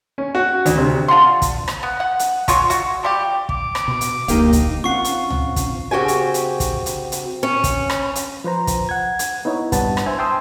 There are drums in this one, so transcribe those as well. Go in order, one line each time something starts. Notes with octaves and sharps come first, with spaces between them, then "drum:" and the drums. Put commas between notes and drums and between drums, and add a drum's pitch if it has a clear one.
C#4
F#4
D2, drum: hi-hat
C3
D4 F4 F#5 C6
drum: kick, hi-hat
drum: rim click
B3
F#5
drum: hi-hat
G#3 F4 F#4 C#5, drum: kick, hi-hat
F#4, drum: hi-hat
F3 G3 G4
D6, drum: kick
drum: rim click
B2
drum: hi-hat
F1 D2 A#3 D#4 G4 F5, drum: hi-hat
drum: kick, hi-hat
C4 C#4 F4 F#5 C#6 C7
drum: hi-hat
drum: tom
drum: kick, hi-hat
C#3 C4 F#4 G4 G#5
drum: hi-hat
drum: hi-hat
drum: kick, hi-hat
drum: hi-hat
drum: hi-hat
C#4
drum: kick, hi-hat
drum: rim click
drum: hi-hat
F3 B4 C5 A#5
drum: kick, hi-hat
F#5 G#6
drum: hi-hat
B3 D#4 E4 C#5
G2 B3 D4 A5, drum: kick, hi-hat
drum: rim click
C5 E5 G#5
G5 A5 C6 D#6 E6